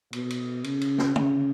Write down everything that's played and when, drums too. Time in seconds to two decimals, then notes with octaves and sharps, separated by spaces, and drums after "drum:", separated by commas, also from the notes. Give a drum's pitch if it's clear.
0.13 B2, drum: cymbal
0.30 drum: cymbal
0.64 C#3, drum: cymbal
0.81 drum: cymbal
0.98 drum: snare
1.16 C#3, drum: tom